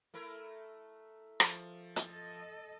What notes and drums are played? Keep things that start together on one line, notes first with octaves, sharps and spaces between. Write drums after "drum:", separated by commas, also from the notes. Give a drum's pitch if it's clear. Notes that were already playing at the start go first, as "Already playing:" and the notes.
A3 E4 A#4
F3 A6, drum: rim click
drum: hi-hat
A4 D#5